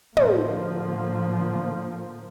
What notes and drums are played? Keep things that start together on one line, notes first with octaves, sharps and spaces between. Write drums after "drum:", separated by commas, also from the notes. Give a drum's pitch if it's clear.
A2 D3 F3 A#3, drum: tom